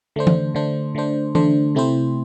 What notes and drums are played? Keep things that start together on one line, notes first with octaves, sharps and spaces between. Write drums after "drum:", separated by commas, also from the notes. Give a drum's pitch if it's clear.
D3 A3 D4 C5
drum: tom E3
D3 A3 D4 C5
D3 A3 D4 C5
D3 A3 D4 C5, drum: tom E3
C3 A3 C4 E4 C5